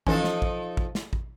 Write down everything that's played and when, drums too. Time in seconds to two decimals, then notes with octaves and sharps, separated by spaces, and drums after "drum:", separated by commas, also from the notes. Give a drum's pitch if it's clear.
0.07 E3 F3 C#4 D#4 A4, drum: kick
0.24 drum: snare
0.42 drum: kick
0.77 drum: kick
0.95 drum: snare
1.13 drum: kick